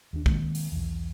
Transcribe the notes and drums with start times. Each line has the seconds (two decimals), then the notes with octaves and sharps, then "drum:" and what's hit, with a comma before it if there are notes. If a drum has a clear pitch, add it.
0.13 D#2 D4
0.26 D#3 G#3 A#3 C4, drum: kick
0.55 drum: open hi-hat
0.72 B1 E2